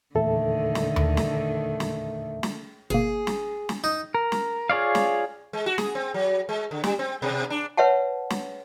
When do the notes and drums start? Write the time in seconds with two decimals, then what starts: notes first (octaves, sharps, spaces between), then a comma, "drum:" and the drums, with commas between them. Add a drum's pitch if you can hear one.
0.15 E2 A#2 D3 D#3 A3 A4 E5
0.75 drum: snare
0.96 drum: tom D#2
1.17 drum: snare
1.80 drum: snare
2.43 drum: snare
2.90 G1 B2 A#3 G#4
3.27 drum: snare
3.69 drum: snare
3.84 D#4
4.15 A#4
4.32 drum: snare
4.70 F4 G#4 C#5 D5 F5
4.95 drum: snare
5.53 G#3
5.66 F#4
5.78 G#4, drum: snare
5.95 C4
6.14 F#3
6.49 G#3
6.71 D3
6.84 G3, drum: snare
6.99 C4
7.22 B2
7.50 D4
7.77 B4 C#5 E5 F#5 A5
8.30 drum: snare